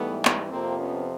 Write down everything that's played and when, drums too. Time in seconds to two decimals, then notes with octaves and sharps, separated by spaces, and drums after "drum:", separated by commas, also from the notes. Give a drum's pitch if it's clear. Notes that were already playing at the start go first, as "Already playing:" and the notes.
Already playing: G#2 E3 G3 A3 B3
0.25 drum: clap
0.49 F2 C3 F3 A#3 C4
0.78 B3 C#4